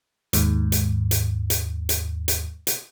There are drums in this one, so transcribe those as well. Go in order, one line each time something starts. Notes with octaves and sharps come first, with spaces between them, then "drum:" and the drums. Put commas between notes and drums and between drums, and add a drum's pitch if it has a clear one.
D#2 G#2, drum: hi-hat
drum: hi-hat
drum: hi-hat
drum: hi-hat
drum: hi-hat
drum: hi-hat
drum: hi-hat